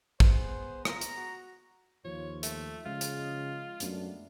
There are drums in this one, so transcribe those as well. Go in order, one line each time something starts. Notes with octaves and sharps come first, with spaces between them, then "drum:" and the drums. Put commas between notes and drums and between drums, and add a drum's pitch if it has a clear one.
B3 G#4 C5, drum: kick
F4 A#5, drum: rim click
drum: hi-hat
F#4
D#2 F3 F4 C#5
A3, drum: hi-hat
C#3 G#3 F4
drum: hi-hat
D#5
F#2 A3 B3 D4, drum: hi-hat